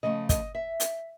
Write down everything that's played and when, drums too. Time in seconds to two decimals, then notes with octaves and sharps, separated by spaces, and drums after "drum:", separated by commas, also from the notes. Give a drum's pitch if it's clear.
0.03 C#3 F3 A3 D#5
0.29 D#5, drum: kick, hi-hat
0.55 E5
0.80 drum: hi-hat